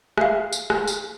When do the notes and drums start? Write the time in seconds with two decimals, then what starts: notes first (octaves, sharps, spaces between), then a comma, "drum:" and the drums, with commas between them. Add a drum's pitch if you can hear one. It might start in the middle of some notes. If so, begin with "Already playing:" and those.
0.17 E5 F5, drum: rim click
0.52 drum: tambourine
0.70 drum: rim click
0.87 drum: tambourine